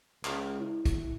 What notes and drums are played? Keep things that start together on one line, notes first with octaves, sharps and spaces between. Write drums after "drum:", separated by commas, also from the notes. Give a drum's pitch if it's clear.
C#2, drum: clap
E4
drum: kick, hi-hat